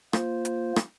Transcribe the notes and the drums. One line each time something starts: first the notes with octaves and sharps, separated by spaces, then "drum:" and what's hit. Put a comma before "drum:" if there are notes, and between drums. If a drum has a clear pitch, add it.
A#3 F4 C5, drum: rim click
drum: hi-hat
drum: rim click